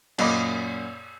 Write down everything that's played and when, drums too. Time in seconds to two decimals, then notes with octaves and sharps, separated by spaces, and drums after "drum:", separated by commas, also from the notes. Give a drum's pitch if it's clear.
0.18 F#2 A#2 D#5 B5 D6, drum: cymbal